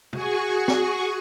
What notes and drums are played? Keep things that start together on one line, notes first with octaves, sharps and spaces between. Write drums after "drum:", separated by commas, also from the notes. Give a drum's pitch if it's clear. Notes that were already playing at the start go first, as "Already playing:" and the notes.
F#4 G#4 G#5 C#6, drum: tom
drum: snare